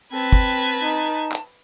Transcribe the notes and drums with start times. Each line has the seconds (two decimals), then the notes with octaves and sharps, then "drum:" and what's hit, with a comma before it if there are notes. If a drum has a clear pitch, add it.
0.13 C4 B4 A5 G#6 A6
0.33 drum: kick
0.83 D#4
1.32 drum: clap